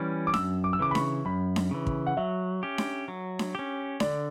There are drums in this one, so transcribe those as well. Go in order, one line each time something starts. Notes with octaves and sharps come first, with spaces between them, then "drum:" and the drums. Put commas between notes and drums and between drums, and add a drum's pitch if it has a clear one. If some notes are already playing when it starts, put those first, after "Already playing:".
Already playing: E3 G3 C#4
D6
F#2 E6, drum: snare D4
D6
E6
C#3 E3 D6
B5
C#6, drum: snare D4
F#2 B5
drum: snare D4
C#3 E3
drum: kick
F#5
F#3 E5
C#4 G4
drum: snare D4
F#3
drum: snare D4
C#4 G4
D3 D5, drum: snare D4